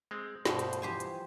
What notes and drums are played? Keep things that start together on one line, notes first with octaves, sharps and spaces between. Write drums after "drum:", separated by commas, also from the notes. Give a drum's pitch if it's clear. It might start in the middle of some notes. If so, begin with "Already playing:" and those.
G#3 C4
D2 G2 B2 C5, drum: snare
drum: hi-hat
drum: hi-hat
E3 F3 G4 C5 G#5
drum: hi-hat